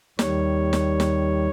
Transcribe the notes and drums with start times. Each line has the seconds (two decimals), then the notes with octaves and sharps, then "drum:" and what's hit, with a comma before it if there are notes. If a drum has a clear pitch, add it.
0.19 D#2 D#3 G3 C#5, drum: snare
0.73 drum: snare
1.00 drum: snare